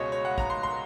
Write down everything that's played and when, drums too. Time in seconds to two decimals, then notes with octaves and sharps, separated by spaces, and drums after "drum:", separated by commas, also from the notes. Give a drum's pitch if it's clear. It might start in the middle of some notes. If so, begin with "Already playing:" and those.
Already playing: C#2 B2 G#3 C#5 D#5
0.12 C#5
0.25 F#5
0.38 A#5, drum: kick
0.50 C6
0.63 C6